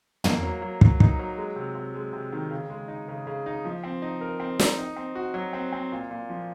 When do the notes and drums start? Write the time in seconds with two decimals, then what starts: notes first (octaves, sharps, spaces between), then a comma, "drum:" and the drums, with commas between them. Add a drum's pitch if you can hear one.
0.24 A#3, drum: tom
0.43 F#3
0.62 F#3
0.81 F#3, drum: kick
1.00 D#4, drum: kick
1.19 F#3
1.37 G#3
1.56 C3
1.75 C3
1.94 G#3
2.13 C3
2.32 D#3
2.50 C#3
2.70 G#3
2.88 D#4
3.08 C#3
3.27 C#3
3.46 D#4
3.65 F3
3.83 C4
4.02 D#4
4.21 A#4
4.40 C4
4.59 D#4, drum: snare
4.78 D#4
4.96 C4
5.15 F#4
5.34 F#3
5.53 C4
5.72 C4
5.92 A#2
6.11 A#2
6.29 F3